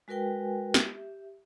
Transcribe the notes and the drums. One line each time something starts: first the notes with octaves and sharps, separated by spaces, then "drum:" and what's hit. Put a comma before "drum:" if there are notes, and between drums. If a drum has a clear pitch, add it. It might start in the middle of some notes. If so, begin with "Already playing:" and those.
G#3 F#4 A#4 B4 G5 G#5
G4 E5, drum: snare